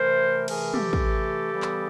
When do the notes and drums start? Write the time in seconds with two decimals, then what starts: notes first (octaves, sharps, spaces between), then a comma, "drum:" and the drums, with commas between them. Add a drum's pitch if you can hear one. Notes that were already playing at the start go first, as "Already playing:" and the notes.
Already playing: C3 E3 A3 A#4 C5
0.48 C3 E3 A3 G#4 A#4, drum: cymbal
0.74 G4 A4, drum: tom
0.93 drum: kick
1.52 C#3 E3 G3 B3
1.62 drum: clap